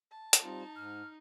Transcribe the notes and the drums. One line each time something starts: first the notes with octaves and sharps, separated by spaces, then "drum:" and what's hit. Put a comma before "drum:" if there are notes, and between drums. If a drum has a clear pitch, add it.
A5
drum: hi-hat
G3 C4 D#4 F4
G#2 F6